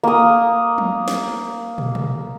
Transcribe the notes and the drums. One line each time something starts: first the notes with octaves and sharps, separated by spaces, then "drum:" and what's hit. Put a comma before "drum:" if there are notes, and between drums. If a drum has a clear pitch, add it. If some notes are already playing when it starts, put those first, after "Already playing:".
A#3 D#6
drum: tom F3
drum: snare
drum: tom
drum: tom B2